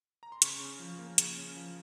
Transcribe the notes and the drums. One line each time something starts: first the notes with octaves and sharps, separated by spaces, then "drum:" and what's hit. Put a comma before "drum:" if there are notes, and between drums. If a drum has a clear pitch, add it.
A#5
C6
C#3 C#6, drum: hi-hat
C#4
F3
A#3
C#3, drum: hi-hat
C#4
F3